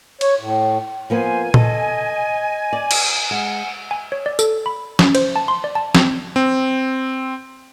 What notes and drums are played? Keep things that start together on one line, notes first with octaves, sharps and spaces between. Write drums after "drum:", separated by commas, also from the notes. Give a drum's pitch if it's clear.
C#5, drum: cymbal
A2
F3 A#3 B3 C5 G#5
A4 D#5, drum: tom A#2
D5
drum: cymbal
G#3 F#5
G#5
C#5
D5
A4, drum: tambourine
B5
C#4, drum: snare
C5, drum: cymbal
A5
C6
D5
A5
C4, drum: snare
C4